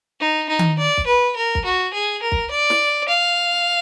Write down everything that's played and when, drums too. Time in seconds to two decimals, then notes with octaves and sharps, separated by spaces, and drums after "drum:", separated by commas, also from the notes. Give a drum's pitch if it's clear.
0.20 D#4
0.49 D#4
0.59 drum: tom D#3
0.78 D5
0.97 drum: kick
1.07 B4
1.36 A#4
1.55 drum: kick
1.65 F#4
1.93 G#4
2.22 A#4
2.32 drum: kick
2.51 D5
2.70 drum: snare
3.08 F5